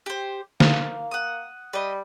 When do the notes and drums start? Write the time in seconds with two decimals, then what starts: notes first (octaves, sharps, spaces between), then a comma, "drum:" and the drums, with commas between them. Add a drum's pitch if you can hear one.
0.06 G4 C5
0.60 A#3 F5, drum: snare
1.11 F#5 D#6
1.73 G3 B4 D#5